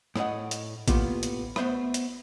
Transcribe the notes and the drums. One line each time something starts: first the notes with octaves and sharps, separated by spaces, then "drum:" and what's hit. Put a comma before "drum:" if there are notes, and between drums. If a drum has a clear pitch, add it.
A2 C#5 D#5 F#5, drum: rim click
drum: hi-hat
A2 A#3 B3 F4 G4, drum: kick A1, hi-hat
drum: hi-hat
A3 B3 C5 E5 B5, drum: rim click
drum: hi-hat